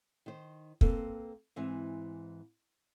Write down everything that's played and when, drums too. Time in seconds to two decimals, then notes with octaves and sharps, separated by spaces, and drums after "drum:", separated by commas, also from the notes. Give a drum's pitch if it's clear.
0.26 D#3 C5
0.81 A#3 C4 A4 B4, drum: kick
1.56 G#2 E3 C4